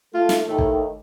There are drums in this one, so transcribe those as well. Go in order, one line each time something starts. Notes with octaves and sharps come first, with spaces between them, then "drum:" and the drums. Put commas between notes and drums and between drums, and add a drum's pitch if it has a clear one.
A3 F4
drum: snare
D#2 A2 D#3 A3
drum: kick